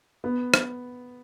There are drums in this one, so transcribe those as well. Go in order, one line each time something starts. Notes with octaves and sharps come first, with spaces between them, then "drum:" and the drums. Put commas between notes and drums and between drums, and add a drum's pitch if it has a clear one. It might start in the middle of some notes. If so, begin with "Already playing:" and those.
B3
drum: rim click